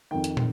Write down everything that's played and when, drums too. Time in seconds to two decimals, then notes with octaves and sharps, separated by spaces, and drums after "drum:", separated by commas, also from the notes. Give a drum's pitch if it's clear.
0.11 F2 D#3 G5
0.24 drum: hi-hat
0.37 drum: tom